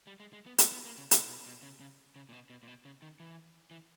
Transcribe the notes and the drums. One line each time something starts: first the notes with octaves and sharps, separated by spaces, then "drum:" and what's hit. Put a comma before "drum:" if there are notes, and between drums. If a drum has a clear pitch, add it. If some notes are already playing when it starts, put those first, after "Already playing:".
G3
G#3
G#3
B3
A#3, drum: hi-hat
B3
A#3
C#3
B2, drum: hi-hat
B2
B2
C#3
C#3
C#3
A#2
B2
B2
A#2
B2
C#3
D#3
E3
E3